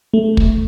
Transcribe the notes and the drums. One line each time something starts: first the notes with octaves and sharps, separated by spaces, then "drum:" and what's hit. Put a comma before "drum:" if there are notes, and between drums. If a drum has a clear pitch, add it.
A3
drum: kick